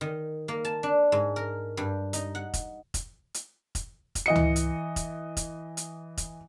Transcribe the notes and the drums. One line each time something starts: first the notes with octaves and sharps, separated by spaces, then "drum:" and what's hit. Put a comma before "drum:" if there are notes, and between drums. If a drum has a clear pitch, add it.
D#3
A#3
A5
D4
G#2
A#4
G2
D#4, drum: hi-hat
F#5
drum: kick F1, hi-hat
drum: kick F1, hi-hat
drum: hi-hat
drum: kick F1, hi-hat
drum: kick F1, hi-hat
E3 D#5 C#7
drum: tom C#2
drum: hi-hat
drum: kick F1, hi-hat
drum: kick F1, hi-hat
drum: hi-hat
drum: kick F1, hi-hat